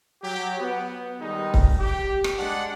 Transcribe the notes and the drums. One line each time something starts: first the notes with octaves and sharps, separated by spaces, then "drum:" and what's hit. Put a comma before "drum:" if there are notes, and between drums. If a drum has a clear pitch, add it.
F#3 G4
B3
D#3 G3 G#3 D#4
drum: kick C#1
G4
drum: rim click
G2 G#3 D4 F#5